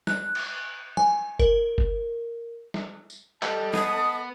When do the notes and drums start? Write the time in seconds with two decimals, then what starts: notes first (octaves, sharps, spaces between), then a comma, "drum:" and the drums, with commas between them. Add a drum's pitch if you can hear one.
0.07 F#6, drum: snare
0.35 drum: cymbal
0.97 G#5, drum: tom
1.40 A#4, drum: kick F#1
1.78 drum: kick F#1
2.74 drum: snare
3.10 drum: tambourine
3.42 G3 A4 D#5 A5, drum: clap
3.74 B3 D#6, drum: snare